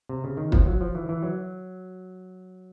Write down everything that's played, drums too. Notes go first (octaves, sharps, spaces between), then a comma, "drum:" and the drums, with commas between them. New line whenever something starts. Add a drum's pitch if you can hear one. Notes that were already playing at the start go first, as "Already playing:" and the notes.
C3
C#3
D#3
F3, drum: kick
F#3
F3
E3
E3
F#3